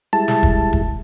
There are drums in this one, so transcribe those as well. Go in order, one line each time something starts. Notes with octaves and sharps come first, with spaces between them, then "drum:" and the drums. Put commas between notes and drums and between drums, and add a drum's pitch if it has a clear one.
G3 G#3 E4 A5
drum: snare
drum: kick
drum: kick